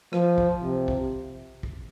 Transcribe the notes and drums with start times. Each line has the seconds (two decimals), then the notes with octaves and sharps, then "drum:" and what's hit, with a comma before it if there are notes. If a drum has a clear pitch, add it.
0.13 F3, drum: rim click
0.38 drum: kick
0.63 C3
0.88 drum: kick
1.63 drum: kick